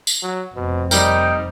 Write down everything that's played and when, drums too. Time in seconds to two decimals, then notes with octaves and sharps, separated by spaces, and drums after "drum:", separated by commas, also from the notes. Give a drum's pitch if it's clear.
0.07 drum: tambourine
0.23 F#3
0.55 F1 B2 C4
0.91 G3 D#4 A#4 G5, drum: tambourine